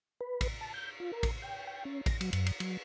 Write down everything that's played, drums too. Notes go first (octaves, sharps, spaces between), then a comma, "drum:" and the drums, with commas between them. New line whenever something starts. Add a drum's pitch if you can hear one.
B4
drum: kick A1, cymbal
A5
G6
F4
A#4
drum: kick A1, cymbal
G5
G5
C#4
A#6, drum: kick A1, cymbal
F#3, drum: cymbal
F#2, drum: cymbal
drum: cymbal
F#3, drum: cymbal